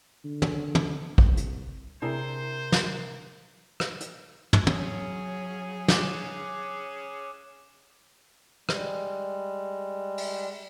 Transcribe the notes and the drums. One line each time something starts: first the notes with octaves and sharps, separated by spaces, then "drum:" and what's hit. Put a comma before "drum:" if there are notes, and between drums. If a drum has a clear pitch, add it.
D3
drum: tom
drum: tom
C2, drum: kick
drum: hi-hat
C3 D4 E4 G#4 A#4 C5
drum: snare
drum: rim click
drum: hi-hat
drum: tom
F#3 C#4 G#4, drum: tom
D6 F#6 E7, drum: snare
G3 G#3, drum: rim click
drum: open hi-hat